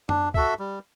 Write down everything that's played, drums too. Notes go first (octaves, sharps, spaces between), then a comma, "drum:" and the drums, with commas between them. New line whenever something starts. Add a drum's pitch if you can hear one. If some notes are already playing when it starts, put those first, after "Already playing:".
D4, drum: tom F#2
F#4 A4 E5, drum: kick
G3